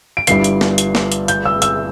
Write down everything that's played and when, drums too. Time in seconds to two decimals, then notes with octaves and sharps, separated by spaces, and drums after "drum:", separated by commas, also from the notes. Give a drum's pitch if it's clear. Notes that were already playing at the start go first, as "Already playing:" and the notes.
0.17 D7
0.27 G1 G2 G3 E4 C7, drum: hi-hat
0.44 drum: hi-hat
0.61 drum: snare
0.78 drum: hi-hat
0.95 drum: snare
1.12 drum: hi-hat
1.28 G6, drum: hi-hat
1.45 E6
1.62 E6, drum: hi-hat